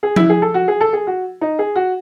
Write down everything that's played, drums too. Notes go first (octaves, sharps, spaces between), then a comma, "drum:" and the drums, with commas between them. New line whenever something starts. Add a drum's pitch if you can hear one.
G#4
E4, drum: tom F3
G#4
A4
F#4
G#4
A4
G#4
F#4
D#4
G#4
F#4